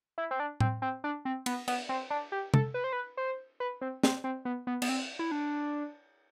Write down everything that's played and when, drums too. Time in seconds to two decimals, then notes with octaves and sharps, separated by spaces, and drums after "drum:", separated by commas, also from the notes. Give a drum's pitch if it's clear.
0.18 E4
0.31 C4
0.40 D4
0.60 C4, drum: tom A2
0.82 C4
1.04 D4
1.25 C4
1.46 B3, drum: cymbal
1.68 B3, drum: cymbal
1.89 C4
2.10 D4
2.32 G4
2.54 A4, drum: tom C3
2.74 B4
2.84 C5
2.93 B4
3.17 C5
3.60 B4
3.81 C4
4.03 C4, drum: snare
4.24 C4
4.45 B3
4.67 B3
4.82 B3, drum: cymbal
4.89 C4
5.19 E4
5.32 D4